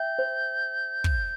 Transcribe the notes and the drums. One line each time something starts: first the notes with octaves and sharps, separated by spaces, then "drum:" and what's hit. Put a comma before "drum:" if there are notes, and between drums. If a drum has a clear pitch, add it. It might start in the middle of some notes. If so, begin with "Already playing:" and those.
Already playing: E5 G5 G6
C5
drum: kick